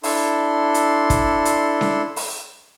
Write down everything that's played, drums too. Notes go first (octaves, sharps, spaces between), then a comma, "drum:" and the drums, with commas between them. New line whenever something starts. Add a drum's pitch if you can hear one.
D4 E4 A4 C6, drum: open hi-hat
drum: hi-hat
drum: kick, hi-hat
drum: hi-hat
drum: snare C#4
drum: open hi-hat